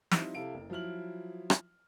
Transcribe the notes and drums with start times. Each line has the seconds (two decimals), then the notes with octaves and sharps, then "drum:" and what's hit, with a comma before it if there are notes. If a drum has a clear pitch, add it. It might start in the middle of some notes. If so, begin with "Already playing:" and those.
0.11 F3 G3 C4 D#4 E4, drum: snare
0.34 C3 E4 A4 F5 D7
0.54 F#1
0.70 F3 F#3 E4 F6 F#7
1.50 drum: rim click